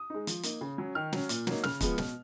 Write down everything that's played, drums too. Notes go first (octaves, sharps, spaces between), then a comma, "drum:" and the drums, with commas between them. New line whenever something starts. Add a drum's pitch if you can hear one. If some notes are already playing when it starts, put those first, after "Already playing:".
Already playing: D#6
G#3 D#4
F3, drum: hi-hat
A#3 D#4, drum: hi-hat
C#3
F#3 C#4
D#3 F6
F#3 C#4, drum: snare
A#2, drum: hi-hat
F#3 A#3 D#4, drum: snare
C#3 F6, drum: snare
F3 G#3 B3, drum: kick, hi-hat
B2, drum: snare